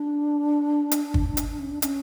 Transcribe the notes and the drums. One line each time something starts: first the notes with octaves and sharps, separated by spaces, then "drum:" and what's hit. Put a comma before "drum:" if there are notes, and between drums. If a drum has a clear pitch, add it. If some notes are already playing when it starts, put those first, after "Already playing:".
Already playing: D4
drum: hi-hat
drum: kick
drum: hi-hat
C#4
D4
C#4, drum: hi-hat